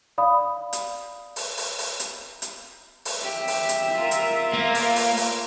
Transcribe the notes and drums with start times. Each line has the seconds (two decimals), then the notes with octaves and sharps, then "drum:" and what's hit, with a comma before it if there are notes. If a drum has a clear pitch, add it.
0.18 D5 F5 B5 D#6
0.73 drum: hi-hat
1.36 drum: open hi-hat
1.57 drum: open hi-hat
1.78 drum: open hi-hat
2.00 drum: hi-hat
2.42 drum: hi-hat
3.05 drum: open hi-hat
3.23 G4 E5
3.48 drum: open hi-hat
3.69 drum: hi-hat
3.97 F4 A#4
4.11 drum: hi-hat
4.53 A#3
4.75 drum: open hi-hat
4.96 drum: open hi-hat
5.17 drum: open hi-hat